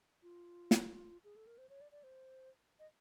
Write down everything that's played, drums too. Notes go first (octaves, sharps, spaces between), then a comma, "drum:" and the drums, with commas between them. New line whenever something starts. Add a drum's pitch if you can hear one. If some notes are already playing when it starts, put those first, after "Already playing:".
F4
drum: snare
G#4
A4
A#4
C5
C#5
D5
D5
C5
D#5